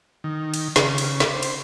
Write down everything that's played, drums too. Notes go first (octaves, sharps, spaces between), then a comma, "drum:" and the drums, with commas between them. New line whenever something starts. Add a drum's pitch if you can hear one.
D#3
drum: cymbal
C#3, drum: snare
drum: cymbal
drum: snare
C5
drum: cymbal